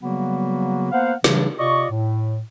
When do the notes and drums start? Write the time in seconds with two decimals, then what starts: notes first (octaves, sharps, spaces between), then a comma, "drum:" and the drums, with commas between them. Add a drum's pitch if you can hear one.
0.02 C#3 F#3 G3 A#3 B3 F#4
0.92 A#3 B3 C5 F5 F#5
1.24 C#3 E3 F#3 G3 A3 D4, drum: snare
1.59 C3 F4 D5 D#5 C#6
1.90 A2